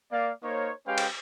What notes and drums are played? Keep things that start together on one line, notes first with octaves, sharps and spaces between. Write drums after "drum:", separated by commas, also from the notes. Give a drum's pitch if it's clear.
A#3 D5 F5
A#3 D#4 A#4 C5 C#5
G#3 C#4 G4 B4 F5 G5
drum: cymbal